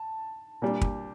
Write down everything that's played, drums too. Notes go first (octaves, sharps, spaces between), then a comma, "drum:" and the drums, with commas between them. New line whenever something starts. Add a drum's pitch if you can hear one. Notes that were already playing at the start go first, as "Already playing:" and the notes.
Already playing: A5
A#2 G3 D4
drum: kick